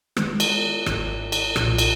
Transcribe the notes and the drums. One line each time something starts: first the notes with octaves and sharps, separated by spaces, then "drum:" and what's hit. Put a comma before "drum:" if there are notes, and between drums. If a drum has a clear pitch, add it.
D#3 G#3 B3, drum: rim click
drum: cymbal
G#1 G#2 D#3, drum: rim click
drum: cymbal
B1 A#2 F3, drum: rim click
drum: cymbal